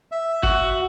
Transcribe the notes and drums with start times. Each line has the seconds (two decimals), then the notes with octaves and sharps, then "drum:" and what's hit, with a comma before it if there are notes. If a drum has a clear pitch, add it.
0.12 E5
0.43 F#4, drum: kick G#1